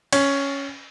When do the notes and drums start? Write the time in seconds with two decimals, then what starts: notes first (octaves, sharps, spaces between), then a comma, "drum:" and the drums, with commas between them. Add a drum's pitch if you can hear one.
0.13 C#4, drum: cymbal